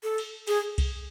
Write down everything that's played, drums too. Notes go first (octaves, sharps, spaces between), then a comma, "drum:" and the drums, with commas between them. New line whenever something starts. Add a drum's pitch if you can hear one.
A4
drum: cymbal
G#4, drum: cymbal
drum: kick C2, cymbal